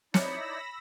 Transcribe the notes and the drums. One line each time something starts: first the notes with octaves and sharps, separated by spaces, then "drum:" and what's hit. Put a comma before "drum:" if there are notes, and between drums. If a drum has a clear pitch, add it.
D#4 E4 C#5 D5 B5 E6 A#6 C#7, drum: snare